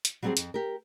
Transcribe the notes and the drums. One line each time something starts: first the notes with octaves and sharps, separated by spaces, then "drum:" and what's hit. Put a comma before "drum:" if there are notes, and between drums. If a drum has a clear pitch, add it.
drum: hi-hat
F#3 G3 C4 F#4 G#4 C5
F2, drum: hi-hat
G4 A#4